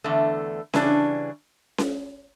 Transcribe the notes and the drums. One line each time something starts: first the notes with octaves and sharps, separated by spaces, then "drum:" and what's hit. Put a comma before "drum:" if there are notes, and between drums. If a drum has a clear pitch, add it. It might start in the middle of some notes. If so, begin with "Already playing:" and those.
E2 D3 A3
C#3 E3 G3 D4, drum: snare C#4
drum: snare C#4